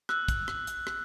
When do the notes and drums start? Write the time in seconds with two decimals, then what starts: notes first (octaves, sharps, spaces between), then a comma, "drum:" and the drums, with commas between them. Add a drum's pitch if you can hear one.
0.09 E6 F#6, drum: rim click
0.28 drum: kick, hi-hat
0.48 drum: rim click
0.67 drum: hi-hat
0.87 drum: rim click